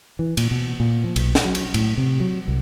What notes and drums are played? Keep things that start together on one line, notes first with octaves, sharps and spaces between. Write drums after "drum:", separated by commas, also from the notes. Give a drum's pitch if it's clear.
E3
A#2, drum: cymbal
B2
A#2
F3
B1, drum: cymbal
drum: snare
F#3
drum: cymbal
A2, drum: cymbal
C3
F#3
C2